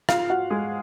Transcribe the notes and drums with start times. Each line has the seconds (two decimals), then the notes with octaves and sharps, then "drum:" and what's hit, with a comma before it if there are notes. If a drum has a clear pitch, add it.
0.09 F4 F5, drum: rim click
0.30 F#4 F#5
0.51 G#3 G#4